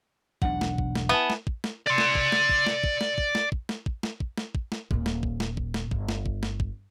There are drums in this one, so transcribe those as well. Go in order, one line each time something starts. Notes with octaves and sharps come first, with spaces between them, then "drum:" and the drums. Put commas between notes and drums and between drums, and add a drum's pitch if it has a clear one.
E1 B1 D4 F#5, drum: kick
drum: snare
drum: kick
drum: snare
B3 E4 G#5 A5
drum: snare
drum: kick
drum: snare
D5 C6
drum: snare
drum: kick
drum: snare
drum: kick
drum: snare
drum: kick
drum: snare
drum: kick
drum: snare
drum: kick
drum: snare
drum: kick
drum: snare
drum: kick
drum: snare
drum: kick
drum: snare
D#1 A#2, drum: kick
drum: snare
drum: kick
drum: snare
drum: kick
drum: snare
G1, drum: kick
drum: snare
drum: kick
drum: snare
drum: kick